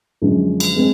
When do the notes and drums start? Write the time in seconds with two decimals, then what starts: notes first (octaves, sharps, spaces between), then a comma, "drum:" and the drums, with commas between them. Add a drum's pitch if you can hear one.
0.22 F#2 D3 F3 G#3
0.60 drum: cymbal
0.76 G#3 C4